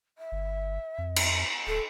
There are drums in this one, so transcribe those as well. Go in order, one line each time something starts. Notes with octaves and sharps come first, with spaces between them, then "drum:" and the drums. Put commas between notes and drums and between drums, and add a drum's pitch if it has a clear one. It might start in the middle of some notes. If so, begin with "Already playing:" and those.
E5
G1
F2
drum: cymbal
D1 A4